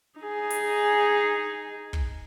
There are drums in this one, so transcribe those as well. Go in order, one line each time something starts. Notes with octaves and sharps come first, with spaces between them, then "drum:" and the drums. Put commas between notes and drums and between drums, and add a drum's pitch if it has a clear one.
D#4 G#4
drum: hi-hat
drum: kick